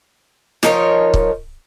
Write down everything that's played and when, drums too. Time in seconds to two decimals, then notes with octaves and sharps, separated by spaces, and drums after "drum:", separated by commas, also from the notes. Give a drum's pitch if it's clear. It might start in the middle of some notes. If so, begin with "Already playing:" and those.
0.63 F3 D#4 A#4 C#5, drum: snare
1.14 drum: kick